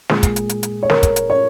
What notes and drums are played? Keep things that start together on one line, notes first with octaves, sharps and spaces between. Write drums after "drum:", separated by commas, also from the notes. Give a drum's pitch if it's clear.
A#2 G#3 G#4, drum: snare
drum: kick, hi-hat
drum: hi-hat
drum: hi-hat
drum: hi-hat
C#5
A#4, drum: snare
drum: kick, hi-hat
drum: hi-hat
C#5